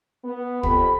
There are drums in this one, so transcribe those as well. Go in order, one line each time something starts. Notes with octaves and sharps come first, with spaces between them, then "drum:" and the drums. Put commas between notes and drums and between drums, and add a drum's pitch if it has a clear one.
B3
F2 G4 B5, drum: kick